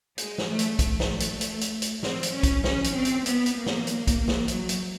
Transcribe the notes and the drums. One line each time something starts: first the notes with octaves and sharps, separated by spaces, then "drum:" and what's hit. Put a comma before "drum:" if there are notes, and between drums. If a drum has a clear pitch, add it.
G#3, drum: hi-hat
drum: snare
A3
drum: hi-hat
A3, drum: kick, hi-hat
drum: snare
drum: hi-hat
drum: hi-hat
drum: hi-hat
drum: hi-hat
C4, drum: snare
drum: hi-hat
C#4
drum: kick, hi-hat
C#4, drum: snare
drum: hi-hat
C4
drum: hi-hat
B3, drum: hi-hat
drum: hi-hat
A#3
drum: snare
drum: hi-hat
drum: kick, hi-hat
drum: snare
F#3, drum: hi-hat
drum: hi-hat